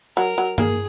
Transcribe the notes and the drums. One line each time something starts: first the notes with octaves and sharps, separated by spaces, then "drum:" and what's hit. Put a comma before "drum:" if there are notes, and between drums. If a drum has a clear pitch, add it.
F#3 A#4
F#3
A#3 G#4, drum: tom G2